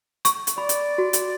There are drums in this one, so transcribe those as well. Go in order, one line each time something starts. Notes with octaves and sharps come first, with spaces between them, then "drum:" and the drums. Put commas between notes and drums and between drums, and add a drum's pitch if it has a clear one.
C#6, drum: hi-hat
drum: hi-hat
D5 B5
drum: hi-hat
F#4
drum: hi-hat